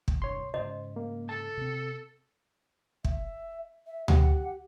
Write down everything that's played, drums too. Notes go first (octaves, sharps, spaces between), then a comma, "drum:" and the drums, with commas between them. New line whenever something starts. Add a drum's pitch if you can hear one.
drum: kick
E1 C2 G2 C#5 C6
G#2 C#3 C5 D#5
A#3
A4 A5
C3 C4
E5, drum: kick
E5
G4 F#5, drum: tom D2